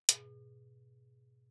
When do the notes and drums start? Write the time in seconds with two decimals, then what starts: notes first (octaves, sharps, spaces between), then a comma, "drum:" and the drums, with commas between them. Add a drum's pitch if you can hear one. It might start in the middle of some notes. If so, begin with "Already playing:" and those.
0.09 G#2 B2 G#4, drum: hi-hat